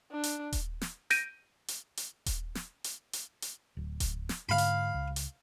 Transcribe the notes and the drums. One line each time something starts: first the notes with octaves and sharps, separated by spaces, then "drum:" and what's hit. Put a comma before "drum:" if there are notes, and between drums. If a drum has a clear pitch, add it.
D4
drum: hi-hat
drum: kick D#1, hi-hat
drum: snare
G6 A#6 D7 D#7, drum: hi-hat
drum: hi-hat
drum: hi-hat
drum: kick D#1, hi-hat
drum: snare
drum: hi-hat
drum: hi-hat
drum: hi-hat
D1
drum: kick D#1, hi-hat
drum: snare
G#2 D3 F5 B5
drum: hi-hat
C#2
drum: hi-hat